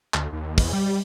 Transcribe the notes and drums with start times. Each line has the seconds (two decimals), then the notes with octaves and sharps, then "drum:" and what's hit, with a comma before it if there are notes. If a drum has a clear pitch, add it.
0.14 D2, drum: clap
0.33 D#2
0.58 E2, drum: kick, open hi-hat
0.73 G3